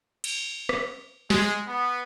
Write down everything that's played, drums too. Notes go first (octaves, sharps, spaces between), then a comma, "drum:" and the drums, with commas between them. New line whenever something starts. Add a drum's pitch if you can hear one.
drum: cymbal
drum: rim click
G#3, drum: snare
B3